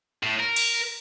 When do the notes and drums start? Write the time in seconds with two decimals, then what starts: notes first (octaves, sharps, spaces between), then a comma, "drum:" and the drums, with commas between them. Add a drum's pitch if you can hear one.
0.23 A2
0.40 A#4
0.56 drum: cymbal